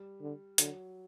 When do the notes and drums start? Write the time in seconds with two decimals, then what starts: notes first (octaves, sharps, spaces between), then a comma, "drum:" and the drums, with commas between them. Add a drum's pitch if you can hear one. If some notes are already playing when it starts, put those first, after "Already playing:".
Already playing: G3
0.21 D3
0.58 D3 F#3, drum: hi-hat